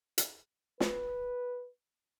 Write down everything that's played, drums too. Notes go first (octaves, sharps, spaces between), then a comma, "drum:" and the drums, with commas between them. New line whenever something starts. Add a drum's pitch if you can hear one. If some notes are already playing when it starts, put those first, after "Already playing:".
drum: hi-hat
B4, drum: snare